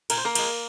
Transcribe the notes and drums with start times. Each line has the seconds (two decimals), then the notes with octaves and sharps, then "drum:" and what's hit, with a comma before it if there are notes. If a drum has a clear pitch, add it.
0.10 A#2 A#4, drum: cymbal
0.18 C5
0.25 A#3 A#4
0.35 F3 G#3, drum: cymbal